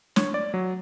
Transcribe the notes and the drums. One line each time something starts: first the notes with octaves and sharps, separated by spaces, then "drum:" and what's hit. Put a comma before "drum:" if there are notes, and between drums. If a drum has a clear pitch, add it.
C#5, drum: snare
D5
F#3